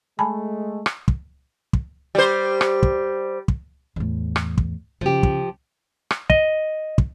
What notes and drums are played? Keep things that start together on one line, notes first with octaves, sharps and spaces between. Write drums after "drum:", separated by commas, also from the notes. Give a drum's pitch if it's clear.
G#3 A3 G#5 A5 B5
drum: rim click
drum: kick
drum: kick
G3 C5
drum: rim click
drum: kick
drum: kick
E2 A2
drum: rim click
drum: kick
C#3 F3 G4
drum: kick
drum: rim click
D#5, drum: kick
drum: kick